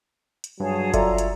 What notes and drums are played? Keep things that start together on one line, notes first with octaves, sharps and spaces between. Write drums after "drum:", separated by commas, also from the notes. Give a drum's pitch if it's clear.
drum: hi-hat
G2 F#3 G#4 C#5 A5
F4 A4 C#5 D5 E5 A#5, drum: kick F#1, hi-hat
drum: hi-hat